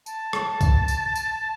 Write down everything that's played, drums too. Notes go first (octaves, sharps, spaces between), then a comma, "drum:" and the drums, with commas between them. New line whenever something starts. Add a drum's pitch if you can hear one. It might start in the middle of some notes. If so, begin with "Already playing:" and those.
A5, drum: tambourine
drum: rim click
drum: kick B1, tambourine
drum: tambourine
drum: tambourine